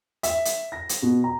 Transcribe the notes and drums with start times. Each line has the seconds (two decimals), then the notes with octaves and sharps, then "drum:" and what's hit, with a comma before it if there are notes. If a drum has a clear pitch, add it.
0.23 E5, drum: hi-hat
0.45 drum: hi-hat
0.72 A#6
0.89 drum: hi-hat
1.02 B2
1.24 A#5